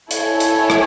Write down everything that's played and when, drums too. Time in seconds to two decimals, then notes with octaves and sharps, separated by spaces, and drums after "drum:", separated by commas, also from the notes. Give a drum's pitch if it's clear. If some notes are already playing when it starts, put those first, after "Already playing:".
0.11 E4 A4 C#5 G#5, drum: hi-hat
0.40 drum: hi-hat
0.70 drum: rim click